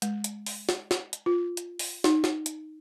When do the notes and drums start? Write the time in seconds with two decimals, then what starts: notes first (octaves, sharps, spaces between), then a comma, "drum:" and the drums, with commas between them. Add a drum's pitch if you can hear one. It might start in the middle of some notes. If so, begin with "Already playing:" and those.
0.02 G#3, drum: hi-hat
0.24 drum: hi-hat
0.46 drum: open hi-hat
0.69 drum: snare
0.91 drum: snare
1.13 drum: hi-hat
1.26 F4
1.57 drum: hi-hat
1.79 drum: open hi-hat
2.04 D#4, drum: snare
2.24 drum: snare
2.46 drum: hi-hat